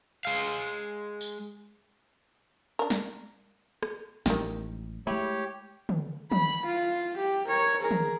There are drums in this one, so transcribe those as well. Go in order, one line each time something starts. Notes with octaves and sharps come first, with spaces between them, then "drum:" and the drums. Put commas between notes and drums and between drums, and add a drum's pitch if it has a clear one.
G#3 F5
drum: tambourine
D4 A#4
drum: snare
drum: rim click
A1 D#3 F3 G#3 G4, drum: snare
G#3 A3 E4 G4 C#5
drum: tom
B5, drum: tom
F4
G4
A#4 C#5
G#4 A#4
drum: tom